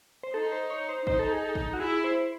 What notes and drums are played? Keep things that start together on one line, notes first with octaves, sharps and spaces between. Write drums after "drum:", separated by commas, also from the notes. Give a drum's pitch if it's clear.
C5
D#4 A4
C5
C#5
C5
D#4 C5, drum: kick
A4
G#4
A4
drum: kick
F#4
E4 G#4
C5